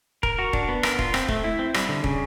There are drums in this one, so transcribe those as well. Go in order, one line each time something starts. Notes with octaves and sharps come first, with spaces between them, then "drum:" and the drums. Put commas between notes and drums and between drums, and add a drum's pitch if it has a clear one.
A#4, drum: kick
F#4
D4, drum: kick
B3
A#4, drum: rim click
F4, drum: kick
C4, drum: rim click
A3, drum: kick
E4
C4
G3, drum: rim click
D3
C#3, drum: kick